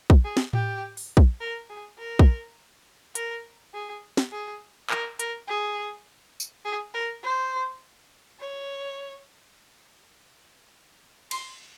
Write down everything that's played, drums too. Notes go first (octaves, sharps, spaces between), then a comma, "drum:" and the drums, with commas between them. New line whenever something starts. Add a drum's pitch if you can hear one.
drum: kick
G#4
drum: snare
G4, drum: tom A2
drum: open hi-hat
drum: kick
A#4
G#4
A#4
drum: kick
A#4, drum: hi-hat
G#4
drum: snare
G#4
A#4, drum: clap
A#4, drum: hi-hat
G#4
drum: tambourine
G#4
A#4
C5
C#5
C6, drum: cymbal